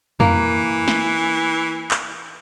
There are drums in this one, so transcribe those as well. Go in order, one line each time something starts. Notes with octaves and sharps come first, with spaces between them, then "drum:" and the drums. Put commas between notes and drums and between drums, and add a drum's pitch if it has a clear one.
E3 A#3, drum: tom F2
drum: snare
drum: clap